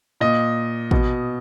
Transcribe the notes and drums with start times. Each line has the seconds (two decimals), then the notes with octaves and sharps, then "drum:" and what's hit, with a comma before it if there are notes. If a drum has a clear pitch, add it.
0.21 A#2 D#5
0.91 B2, drum: kick A1